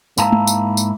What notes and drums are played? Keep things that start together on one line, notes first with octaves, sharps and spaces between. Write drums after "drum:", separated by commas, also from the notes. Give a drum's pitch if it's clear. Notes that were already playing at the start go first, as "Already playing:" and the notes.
G#2 A#3 E4 F5 A5 A#5, drum: tambourine
drum: tom
drum: tambourine
drum: tambourine